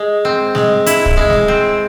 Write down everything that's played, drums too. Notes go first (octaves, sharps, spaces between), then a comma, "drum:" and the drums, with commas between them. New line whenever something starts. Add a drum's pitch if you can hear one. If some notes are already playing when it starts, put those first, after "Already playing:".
Already playing: G#3
C4
G#3, drum: snare
E4, drum: hi-hat
drum: kick
G#3
drum: snare
C4